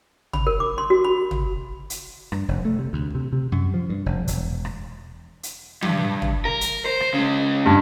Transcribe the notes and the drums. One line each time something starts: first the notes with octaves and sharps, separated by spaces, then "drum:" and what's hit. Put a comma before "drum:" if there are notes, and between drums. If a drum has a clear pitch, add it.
B5, drum: tom
A#4
D6
C6
F#4
B5
drum: tom
drum: hi-hat
G2, drum: rim click
F1
A3
C3
D2
C3
C3
F#2
F3
G2
F1
E1, drum: hi-hat
drum: rim click
drum: hi-hat
G2, drum: tom
drum: tom
A#4
drum: hi-hat
C5
drum: rim click
C#3 G#3
G2